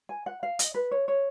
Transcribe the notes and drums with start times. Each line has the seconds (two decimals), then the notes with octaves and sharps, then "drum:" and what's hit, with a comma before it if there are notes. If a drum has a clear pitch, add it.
0.09 G#5
0.26 F#5
0.43 F5
0.59 D#5, drum: hi-hat
0.74 B4
0.91 C#5
1.08 C#5